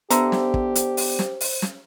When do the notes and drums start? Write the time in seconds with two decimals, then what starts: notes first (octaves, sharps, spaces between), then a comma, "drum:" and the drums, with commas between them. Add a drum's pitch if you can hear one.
0.10 D3 B3 G4 C5 E5 A#5, drum: hi-hat
0.32 drum: snare
0.54 drum: kick
0.75 drum: hi-hat
0.97 drum: open hi-hat
1.19 drum: snare
1.41 drum: open hi-hat
1.62 drum: snare